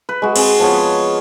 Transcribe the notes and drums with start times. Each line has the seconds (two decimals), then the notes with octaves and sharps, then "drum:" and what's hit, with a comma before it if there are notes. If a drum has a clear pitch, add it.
0.09 B4
0.22 G#3 F#4
0.36 C4 G#4, drum: cymbal
0.60 F3 B3 C#5